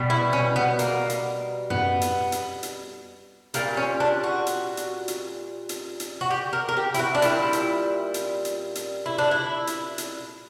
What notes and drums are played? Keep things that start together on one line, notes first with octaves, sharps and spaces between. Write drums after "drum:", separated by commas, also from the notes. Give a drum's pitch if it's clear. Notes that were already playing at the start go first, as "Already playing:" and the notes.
Already playing: B2 G3
E4
C#4
B3
A#3, drum: hi-hat
drum: hi-hat
B3, drum: tom F#2
drum: hi-hat
drum: hi-hat
drum: hi-hat
A#2 G3 A#3, drum: hi-hat
C#4
D4
F#4
drum: hi-hat
drum: hi-hat
drum: hi-hat
drum: hi-hat
drum: hi-hat
F#4
G4
A#4
A#4
G4
E4, drum: hi-hat
F#4
D4
A#2 G3 E4, drum: hi-hat
drum: hi-hat
drum: hi-hat
drum: hi-hat
drum: hi-hat
E4
D4
E4
drum: hi-hat
drum: hi-hat